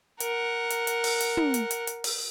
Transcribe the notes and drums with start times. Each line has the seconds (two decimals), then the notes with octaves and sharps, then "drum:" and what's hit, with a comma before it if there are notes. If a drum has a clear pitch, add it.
0.20 A#4 F#5, drum: hi-hat
0.70 drum: hi-hat
0.87 drum: hi-hat
1.04 drum: open hi-hat
1.21 drum: hi-hat
1.37 drum: tom
1.54 drum: hi-hat
1.71 drum: hi-hat
1.87 drum: hi-hat
2.04 drum: open hi-hat